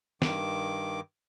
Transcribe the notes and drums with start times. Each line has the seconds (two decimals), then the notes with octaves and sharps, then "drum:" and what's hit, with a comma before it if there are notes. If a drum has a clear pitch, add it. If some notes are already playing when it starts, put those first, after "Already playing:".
0.22 G2 D#3 D6, drum: snare